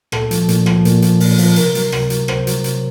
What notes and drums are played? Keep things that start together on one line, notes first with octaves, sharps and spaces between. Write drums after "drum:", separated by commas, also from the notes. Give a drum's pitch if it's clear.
A#2 A4, drum: rim click
F3, drum: hi-hat
A#2, drum: hi-hat
F3, drum: rim click
A#2, drum: hi-hat
F3, drum: hi-hat
A#2, drum: open hi-hat
F3, drum: open hi-hat
C3 A#4, drum: hi-hat
F#3, drum: hi-hat
C3, drum: rim click
F#3, drum: hi-hat
C3 C5, drum: rim click
F#3, drum: hi-hat
C3, drum: hi-hat